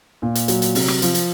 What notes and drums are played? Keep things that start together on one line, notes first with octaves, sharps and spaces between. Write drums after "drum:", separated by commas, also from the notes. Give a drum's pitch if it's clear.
A#2
drum: hi-hat
F#3, drum: hi-hat
drum: hi-hat
C3, drum: open hi-hat
drum: rim click
F3, drum: hi-hat
drum: hi-hat